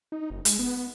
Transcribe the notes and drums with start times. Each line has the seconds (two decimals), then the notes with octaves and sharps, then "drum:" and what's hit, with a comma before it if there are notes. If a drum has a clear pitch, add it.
0.12 D#4
0.30 F#1
0.45 G#3, drum: hi-hat
0.59 B3